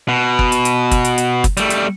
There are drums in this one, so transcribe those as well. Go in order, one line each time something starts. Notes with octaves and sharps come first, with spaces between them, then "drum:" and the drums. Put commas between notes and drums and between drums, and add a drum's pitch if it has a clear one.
B2
drum: kick
drum: hi-hat
drum: hi-hat
drum: kick, hi-hat
drum: hi-hat
drum: hi-hat
drum: kick, hi-hat
G3 A3, drum: hi-hat
drum: hi-hat